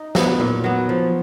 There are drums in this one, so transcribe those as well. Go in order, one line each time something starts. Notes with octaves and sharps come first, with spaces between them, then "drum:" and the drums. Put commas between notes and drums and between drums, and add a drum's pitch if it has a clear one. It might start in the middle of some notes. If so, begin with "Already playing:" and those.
Already playing: D#4
F#3 B3, drum: snare
A#2
F#3 B3
F3